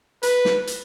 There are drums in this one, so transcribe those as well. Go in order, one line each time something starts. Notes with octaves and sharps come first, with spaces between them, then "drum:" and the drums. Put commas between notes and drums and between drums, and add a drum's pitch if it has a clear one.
B4, drum: hi-hat
drum: snare
drum: hi-hat